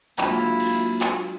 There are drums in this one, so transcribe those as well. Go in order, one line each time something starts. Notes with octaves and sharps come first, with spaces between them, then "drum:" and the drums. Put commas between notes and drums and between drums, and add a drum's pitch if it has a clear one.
F#3 G#3 A#3 D4 E4 F4, drum: clap
drum: cymbal
drum: clap